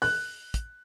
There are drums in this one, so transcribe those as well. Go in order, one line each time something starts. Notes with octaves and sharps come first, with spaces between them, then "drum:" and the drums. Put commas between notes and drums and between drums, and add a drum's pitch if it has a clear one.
F#6, drum: open hi-hat
drum: kick, hi-hat